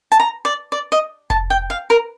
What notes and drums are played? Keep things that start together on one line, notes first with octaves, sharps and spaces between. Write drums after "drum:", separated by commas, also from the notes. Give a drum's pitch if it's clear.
A5, drum: hi-hat
A#5
D5
D5
D#5
A5, drum: kick F1
G5
F5
A#4